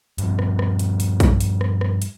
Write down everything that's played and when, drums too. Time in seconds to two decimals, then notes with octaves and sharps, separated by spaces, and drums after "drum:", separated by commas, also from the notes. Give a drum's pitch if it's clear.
0.18 G2 F3, drum: hi-hat
0.39 drum: rim click
0.59 drum: rim click
0.79 drum: hi-hat
1.00 drum: hi-hat
1.20 drum: kick A#1, hi-hat
1.41 drum: hi-hat
1.61 drum: rim click
1.81 drum: rim click
2.02 drum: hi-hat